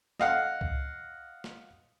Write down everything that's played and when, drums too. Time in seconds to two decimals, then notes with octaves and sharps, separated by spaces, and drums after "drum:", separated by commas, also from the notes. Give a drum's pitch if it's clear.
0.20 D#5 F5 F#5, drum: snare
0.61 drum: kick C2
1.44 drum: snare